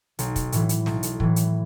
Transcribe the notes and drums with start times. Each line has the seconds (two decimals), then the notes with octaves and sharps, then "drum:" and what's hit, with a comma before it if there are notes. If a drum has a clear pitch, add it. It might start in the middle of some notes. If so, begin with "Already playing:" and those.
0.19 B1, drum: hi-hat
0.36 drum: kick, hi-hat
0.52 A2 E3, drum: hi-hat
0.69 drum: hi-hat
0.86 B1, drum: snare
1.03 drum: hi-hat
1.20 A2 E3, drum: kick
1.36 drum: hi-hat